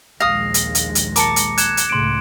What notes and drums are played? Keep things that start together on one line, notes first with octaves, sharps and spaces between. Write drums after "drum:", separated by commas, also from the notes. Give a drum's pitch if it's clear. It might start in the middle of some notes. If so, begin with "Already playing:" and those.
A#1 D#2 G#3 F5 D#6 A#6
drum: hi-hat
drum: hi-hat
drum: hi-hat
A#4 A5 D6 C#7, drum: hi-hat
drum: hi-hat
F#6 G#6 E7, drum: hi-hat
drum: hi-hat
C#2 A2 C#3 C6 D7